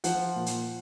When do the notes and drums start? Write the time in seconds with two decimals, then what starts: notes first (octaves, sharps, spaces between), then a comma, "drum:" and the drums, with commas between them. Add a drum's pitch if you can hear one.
0.04 F3 F#5, drum: hi-hat
0.36 A#2
0.46 drum: hi-hat